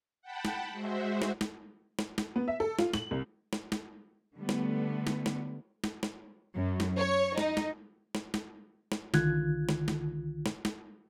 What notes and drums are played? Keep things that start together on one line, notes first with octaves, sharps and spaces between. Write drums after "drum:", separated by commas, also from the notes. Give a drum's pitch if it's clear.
F#5 G5 A5 B5
drum: snare
G#3 F#4 C5 E5
drum: snare
drum: snare
drum: snare
drum: snare
B3
E5
A4
F4, drum: snare
F#7, drum: snare
C2
drum: snare
drum: snare
D3 G3 A3 B3
drum: snare
drum: snare
drum: snare
drum: snare
drum: snare
F#2
drum: snare
C#5
D#4, drum: snare
drum: snare
drum: snare
drum: snare
drum: snare
C2 D3 D#3 F4 F#6 G#6, drum: snare
drum: snare
drum: snare
drum: snare
drum: snare